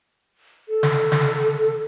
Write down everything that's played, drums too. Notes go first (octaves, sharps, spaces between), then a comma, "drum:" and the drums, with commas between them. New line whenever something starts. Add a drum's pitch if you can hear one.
A4
drum: snare
drum: snare